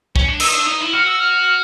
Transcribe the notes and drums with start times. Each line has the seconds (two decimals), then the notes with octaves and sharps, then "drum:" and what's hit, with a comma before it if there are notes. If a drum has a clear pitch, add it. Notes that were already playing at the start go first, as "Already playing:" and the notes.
0.16 C#4, drum: kick
0.28 D4
0.40 D#4 E6, drum: cymbal
0.48 D#6
0.53 D4 E6
0.66 D#4 D#6
0.80 E4
0.93 F#4 F6
1.06 E6
1.19 F6